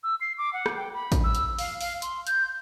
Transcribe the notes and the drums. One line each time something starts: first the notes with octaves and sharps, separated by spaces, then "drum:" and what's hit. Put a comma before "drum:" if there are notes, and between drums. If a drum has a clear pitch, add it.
E6
C7
D6
F#5
drum: rim click
G5
B5
drum: kick A1, hi-hat
E6
drum: hi-hat
F5, drum: open hi-hat
F5, drum: open hi-hat
C6, drum: hi-hat
G6, drum: hi-hat